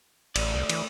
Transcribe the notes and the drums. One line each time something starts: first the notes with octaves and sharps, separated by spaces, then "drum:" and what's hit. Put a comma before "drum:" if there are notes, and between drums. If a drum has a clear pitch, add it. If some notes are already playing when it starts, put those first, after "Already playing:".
A1 A3 D5, drum: cymbal
C2
E3, drum: cymbal